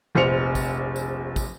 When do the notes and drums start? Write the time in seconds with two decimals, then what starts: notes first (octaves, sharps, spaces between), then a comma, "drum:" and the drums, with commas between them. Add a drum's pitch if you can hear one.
0.15 F1 A#1 C5 C#7 F7
0.55 drum: kick, tambourine
0.96 drum: tambourine
1.36 drum: kick, tambourine